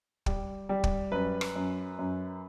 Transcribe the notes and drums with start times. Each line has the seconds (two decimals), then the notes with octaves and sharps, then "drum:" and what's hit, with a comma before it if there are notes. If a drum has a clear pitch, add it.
0.26 G3, drum: kick
0.69 G3
0.84 drum: kick
1.12 F#2 B4
1.41 drum: rim click
1.56 F#2
1.99 F#2